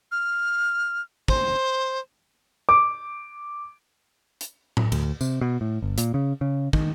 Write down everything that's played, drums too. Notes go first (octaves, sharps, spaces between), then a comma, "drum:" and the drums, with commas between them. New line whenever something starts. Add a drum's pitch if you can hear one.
F6
C5, drum: kick
D6
drum: hi-hat
drum: tom A2
D2, drum: cymbal
C3, drum: tambourine
B2
A2
G1
A#2, drum: hi-hat
C#3
C#3
D#3, drum: kick